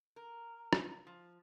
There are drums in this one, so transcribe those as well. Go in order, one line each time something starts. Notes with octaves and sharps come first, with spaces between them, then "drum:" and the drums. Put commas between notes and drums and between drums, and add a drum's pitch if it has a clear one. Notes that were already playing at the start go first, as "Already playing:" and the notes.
A#4
drum: rim click
F3